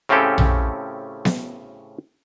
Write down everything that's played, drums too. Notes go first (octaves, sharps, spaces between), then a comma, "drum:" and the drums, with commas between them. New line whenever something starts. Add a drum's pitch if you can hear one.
A2 C#3 C4 C#4 G4 A4
drum: tom A#1
drum: snare B3